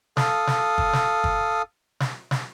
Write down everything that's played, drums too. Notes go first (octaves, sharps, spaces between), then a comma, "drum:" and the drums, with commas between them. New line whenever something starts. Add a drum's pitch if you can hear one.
A4 F5 D#6, drum: snare
drum: snare
drum: kick
drum: snare
drum: kick
drum: snare
drum: snare